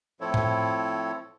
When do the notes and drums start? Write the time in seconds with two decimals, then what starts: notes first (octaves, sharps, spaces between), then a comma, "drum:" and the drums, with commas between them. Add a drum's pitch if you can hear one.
0.21 A2 F3 C4 E4 A4 C#5
0.34 drum: tom A2